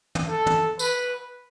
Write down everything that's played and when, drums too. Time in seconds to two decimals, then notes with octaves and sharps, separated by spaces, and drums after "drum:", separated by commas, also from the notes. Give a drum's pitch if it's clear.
0.15 drum: tom
0.29 A4
0.46 drum: tom
0.79 B4, drum: tambourine